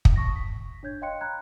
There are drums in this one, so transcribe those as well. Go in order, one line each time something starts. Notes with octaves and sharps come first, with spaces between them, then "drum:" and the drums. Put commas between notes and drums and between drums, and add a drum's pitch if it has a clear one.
drum: kick
A5 C#6 D#6 A#6
B6
D4 C#5 G6 G#6
D#5 F5 G5 C6 F#6 C#7
A#5 B5 F#6 G#6